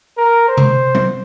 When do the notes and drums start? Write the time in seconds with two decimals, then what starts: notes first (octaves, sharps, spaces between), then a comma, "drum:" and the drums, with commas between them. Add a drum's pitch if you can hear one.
0.18 A#4
0.48 C5
0.57 drum: tom C3
0.95 drum: tom F#3